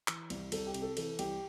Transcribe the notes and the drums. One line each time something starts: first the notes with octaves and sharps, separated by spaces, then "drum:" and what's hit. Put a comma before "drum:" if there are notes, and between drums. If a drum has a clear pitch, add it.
E3, drum: clap
C2, drum: cymbal
C2 A4, drum: cymbal
G4
C3, drum: cymbal
A4
E3 A4, drum: cymbal
C2 G4, drum: cymbal